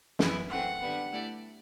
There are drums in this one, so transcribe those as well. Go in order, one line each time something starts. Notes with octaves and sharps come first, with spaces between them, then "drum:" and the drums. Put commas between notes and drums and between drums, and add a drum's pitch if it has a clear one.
F#2 E3 B3 E4 B4, drum: snare
E3 A3 C4 F#5
D3 G3 B3
A3 E4 G4 D5